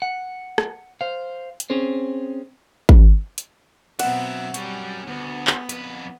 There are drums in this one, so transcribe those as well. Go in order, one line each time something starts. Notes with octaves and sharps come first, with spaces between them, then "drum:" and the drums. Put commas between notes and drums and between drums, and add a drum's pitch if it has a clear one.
F#5
drum: rim click
C5 F5
drum: hi-hat
C4 C#4 G#4 C5
drum: kick G#1
drum: hi-hat
B2 F#3 B3 C4 E5 F#5, drum: cymbal
G3 C#4 F#4, drum: hi-hat
D2 B3
drum: clap
F2 B4, drum: hi-hat